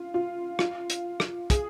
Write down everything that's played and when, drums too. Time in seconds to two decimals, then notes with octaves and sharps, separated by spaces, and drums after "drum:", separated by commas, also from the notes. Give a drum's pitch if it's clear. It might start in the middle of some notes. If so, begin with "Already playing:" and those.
Already playing: F4
0.14 F4
0.59 F4, drum: rim click
0.90 drum: hi-hat
1.20 drum: rim click
1.50 G#4, drum: kick, hi-hat